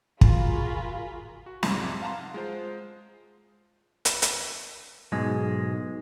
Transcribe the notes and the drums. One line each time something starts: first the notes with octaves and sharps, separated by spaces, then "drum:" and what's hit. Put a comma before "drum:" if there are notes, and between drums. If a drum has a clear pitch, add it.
F4 F#4 G#4 A#4 B5, drum: kick
F#4
C2 F2 G#2, drum: snare
F5 F#5 A5 A#5 C6
G#3 F4 C5
drum: hi-hat
drum: hi-hat
B1 G#2 G#3